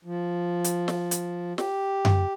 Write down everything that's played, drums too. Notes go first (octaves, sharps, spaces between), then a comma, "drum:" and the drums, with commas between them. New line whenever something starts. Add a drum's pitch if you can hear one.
F3
drum: hi-hat
drum: snare
drum: hi-hat
G4, drum: snare
drum: tom F#2